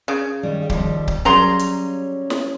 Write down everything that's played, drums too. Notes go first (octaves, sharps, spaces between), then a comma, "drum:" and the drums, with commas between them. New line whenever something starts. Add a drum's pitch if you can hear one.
C#3
D#3 G3
D#2 F3 G3, drum: kick C#1
drum: kick C#1
C#3 F#3 G3 C#4 A#5 C6
drum: hi-hat
drum: snare